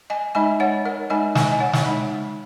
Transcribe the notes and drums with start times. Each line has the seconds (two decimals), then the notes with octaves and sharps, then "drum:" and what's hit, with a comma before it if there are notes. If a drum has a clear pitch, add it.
0.10 D#5 G#5
0.35 G#3 D#4 D#5 G#5
0.60 C#5 F#5
0.85 A#4 D#5
1.10 G#3 D#4 D#5 G#5
1.35 G#5, drum: snare
1.52 D#5 G#5
1.60 C#5 F#5
1.73 drum: snare
1.86 G#3 D#4